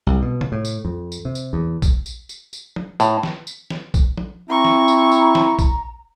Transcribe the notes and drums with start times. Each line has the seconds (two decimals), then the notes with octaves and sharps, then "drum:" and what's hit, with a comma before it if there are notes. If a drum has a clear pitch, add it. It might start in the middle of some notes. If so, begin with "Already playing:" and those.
0.07 C2
0.22 B2
0.41 drum: tom C3
0.52 A2
0.65 drum: tambourine
0.85 F2
1.12 drum: tambourine
1.25 C3
1.35 drum: tambourine
1.53 E2
1.82 drum: kick A#1, tambourine
2.06 drum: tambourine
2.29 drum: tambourine
2.53 drum: tambourine
2.76 drum: tom F3
3.00 A2, drum: tambourine
3.23 drum: snare
3.47 drum: tambourine
3.70 drum: snare
3.94 drum: kick A#1, tambourine
4.17 drum: tom F3
4.50 C4 E4 A#5 C#6
4.65 drum: snare
4.88 drum: tambourine
5.12 drum: tambourine
5.35 drum: snare
5.59 drum: kick A#1, tambourine